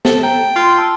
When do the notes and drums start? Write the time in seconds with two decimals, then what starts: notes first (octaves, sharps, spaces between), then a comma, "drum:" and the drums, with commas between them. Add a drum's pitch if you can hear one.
0.05 A4, drum: snare
0.23 G5 A#5
0.56 F4 C6
0.78 A5 E6